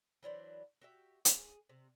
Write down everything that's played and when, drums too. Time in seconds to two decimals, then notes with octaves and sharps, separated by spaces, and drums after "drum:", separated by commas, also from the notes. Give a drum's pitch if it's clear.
0.23 E3 F#3 D4 C5
0.81 F#4 G4 E5
1.25 G#4, drum: hi-hat
1.69 C3